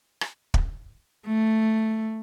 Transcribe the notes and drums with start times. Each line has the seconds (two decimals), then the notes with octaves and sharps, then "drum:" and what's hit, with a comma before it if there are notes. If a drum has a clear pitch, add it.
0.21 drum: rim click
0.54 drum: kick
1.27 A3